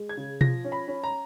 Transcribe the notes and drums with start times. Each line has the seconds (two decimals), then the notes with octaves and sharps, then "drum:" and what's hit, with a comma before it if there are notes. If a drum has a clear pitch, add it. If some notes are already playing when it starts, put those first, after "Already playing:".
Already playing: G#3
0.09 G#6
0.17 C#3
0.41 F3 A#6, drum: tom B2
0.64 C#4
0.72 B5
0.88 C#4
1.03 A#5